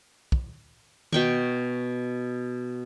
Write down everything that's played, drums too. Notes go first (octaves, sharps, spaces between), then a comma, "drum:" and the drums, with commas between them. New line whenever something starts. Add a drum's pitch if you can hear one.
drum: kick
B2 G5 C#6, drum: tom D#3